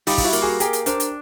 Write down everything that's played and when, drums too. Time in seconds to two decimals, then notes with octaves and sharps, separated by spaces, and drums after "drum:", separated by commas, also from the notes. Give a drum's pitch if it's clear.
0.07 G3 D#4 F4, drum: open hi-hat
0.18 F4, drum: kick, open hi-hat
0.24 E4 F#4
0.33 A#3, drum: hi-hat
0.42 F#4 G#4
0.60 G4 G#4 A#4, drum: hi-hat
0.73 drum: hi-hat
0.86 D4 A#4 C5, drum: hi-hat
1.00 drum: hi-hat